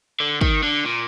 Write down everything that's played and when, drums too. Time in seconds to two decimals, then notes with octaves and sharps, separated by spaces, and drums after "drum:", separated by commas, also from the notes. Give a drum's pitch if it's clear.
0.20 D3
0.41 D#3, drum: kick
0.63 D3
0.85 A#2